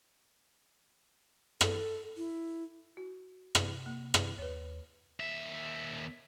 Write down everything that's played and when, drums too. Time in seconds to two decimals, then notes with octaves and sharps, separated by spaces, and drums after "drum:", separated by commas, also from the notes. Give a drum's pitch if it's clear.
1.61 A4, drum: rim click
2.17 E4
2.97 F#4
3.55 C3, drum: rim click
3.86 A#3
4.14 drum: rim click
4.38 D#2 B4 C#5
5.20 D#2 E5